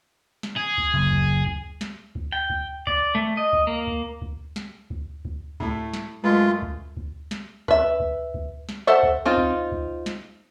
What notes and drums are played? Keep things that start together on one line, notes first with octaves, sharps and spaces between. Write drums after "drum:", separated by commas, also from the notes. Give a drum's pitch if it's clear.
drum: snare
G#4
drum: kick C#2
F#1
drum: kick C#2
drum: kick C#2
drum: snare
drum: kick C#2
G5
drum: kick C#2
D5, drum: kick C#2
A3
D#5
drum: kick C#2
A#3
drum: kick C#2
drum: kick C#2
drum: snare
drum: kick C#2
drum: kick C#2
A2 A3, drum: kick C#2
drum: snare
F#2 G#3 A3 F4 B4
drum: kick C#2
drum: kick C#2
drum: snare
B4 E5, drum: kick C#2
drum: kick C#2
drum: kick C#2
drum: snare
A4 C5 E5 F#5
drum: kick C#2
C4 D#4 F4
drum: kick C#2
drum: kick C#2
drum: snare